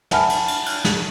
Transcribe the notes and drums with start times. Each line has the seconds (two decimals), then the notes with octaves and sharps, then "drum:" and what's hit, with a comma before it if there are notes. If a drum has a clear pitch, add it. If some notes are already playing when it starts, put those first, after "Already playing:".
0.11 E5 F#5 G#5 A5 B5 F6, drum: snare
0.30 drum: cymbal
0.48 drum: cymbal
0.66 drum: cymbal
0.84 drum: snare